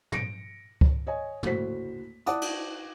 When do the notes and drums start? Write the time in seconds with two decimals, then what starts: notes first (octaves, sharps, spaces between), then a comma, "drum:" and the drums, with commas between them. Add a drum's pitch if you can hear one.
0.12 A#6 C#7 D7, drum: tom
0.81 drum: kick C#2
1.07 C#5 D#5 G#5
1.43 F#1 D2 A2 F#4 C5 B6, drum: tom
2.26 E4 D5 F#5 A5 D6 D#6, drum: hi-hat
2.42 drum: cymbal